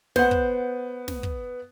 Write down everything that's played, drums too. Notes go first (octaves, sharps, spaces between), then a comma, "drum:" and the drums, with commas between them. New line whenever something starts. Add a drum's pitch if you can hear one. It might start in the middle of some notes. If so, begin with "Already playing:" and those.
B3 C5 F#5, drum: snare
drum: kick
drum: snare
drum: kick